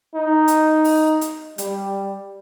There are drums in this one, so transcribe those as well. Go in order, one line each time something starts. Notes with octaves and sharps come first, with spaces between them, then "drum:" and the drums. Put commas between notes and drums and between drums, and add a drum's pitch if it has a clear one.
D#4
drum: hi-hat
drum: open hi-hat
drum: hi-hat
G3, drum: hi-hat